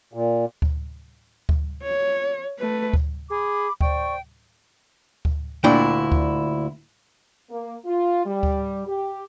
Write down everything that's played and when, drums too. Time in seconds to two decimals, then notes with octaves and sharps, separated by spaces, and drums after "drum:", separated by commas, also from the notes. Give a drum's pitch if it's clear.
0.13 A#2
0.62 drum: kick D2
1.49 drum: kick D2
1.83 C#5
2.59 A3 B4
2.93 drum: kick D2
3.30 G#4 B5 D6
3.81 C5 D5 G5 C#6, drum: kick D2
5.25 drum: kick D2
5.64 D2 A#2 D4 E4 G5
6.12 drum: kick D2
7.50 A#3
7.85 F4
8.25 G3
8.43 drum: kick D2
8.86 G4